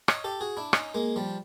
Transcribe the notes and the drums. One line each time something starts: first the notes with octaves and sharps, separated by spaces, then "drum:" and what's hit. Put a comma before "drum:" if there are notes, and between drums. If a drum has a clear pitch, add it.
C#5 D#5, drum: rim click
G4 A4
F#4 G#4
D4 E4
C#4 D#4, drum: rim click
G#3 A#3
F3 G3